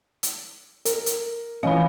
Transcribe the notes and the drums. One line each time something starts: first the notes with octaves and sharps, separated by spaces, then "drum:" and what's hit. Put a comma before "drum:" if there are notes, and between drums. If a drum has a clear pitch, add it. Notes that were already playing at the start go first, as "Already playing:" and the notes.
drum: hi-hat
A#4, drum: hi-hat
drum: hi-hat
E3 F3 C#4 D#5 F5 B5